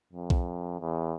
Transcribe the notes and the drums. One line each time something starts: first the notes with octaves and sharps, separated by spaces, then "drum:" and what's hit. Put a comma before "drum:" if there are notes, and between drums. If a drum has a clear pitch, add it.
F2
drum: kick B1
E2